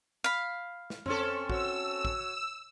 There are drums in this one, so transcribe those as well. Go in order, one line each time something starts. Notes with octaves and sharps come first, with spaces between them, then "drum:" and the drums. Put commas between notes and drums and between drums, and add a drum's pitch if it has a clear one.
F5 B5
drum: snare
C4 C#4 A4, drum: tom F2
F#4 C#5 E6, drum: kick
drum: kick